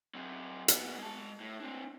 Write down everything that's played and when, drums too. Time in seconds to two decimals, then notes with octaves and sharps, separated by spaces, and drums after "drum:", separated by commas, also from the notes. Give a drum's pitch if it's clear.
0.15 F#3 C4
0.68 A#2 B3, drum: hi-hat
0.98 G#3 A5
1.40 A2
1.60 C4 D4